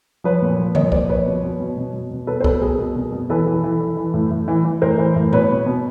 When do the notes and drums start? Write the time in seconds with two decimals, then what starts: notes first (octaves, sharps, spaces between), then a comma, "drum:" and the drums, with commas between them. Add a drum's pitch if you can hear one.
0.24 F3 B4 C#5
0.42 A#2
0.59 F3
0.75 A#2 C#5 D#5, drum: tom D3
0.92 A#2 C5 D5, drum: kick C2
1.09 F3 B4 C#5
1.26 B2
1.43 B2
1.60 B2
1.78 B2
1.94 B2
2.11 B2
2.27 B2 A4 B4
2.40 C5
2.44 B2 A4 B4, drum: kick C2
2.61 B2 G#4 A#4
2.78 B2
2.96 B2
3.12 B2
3.30 E3 A4 B4
3.47 E3
3.64 E3
3.81 E3
3.97 E3
4.14 A2
4.31 A2
4.48 E3
4.64 E3
4.82 A2 A#4 C5
4.98 E3
5.16 A2
5.33 B2 B4 C#5, drum: tom A2
5.50 B2
5.66 B2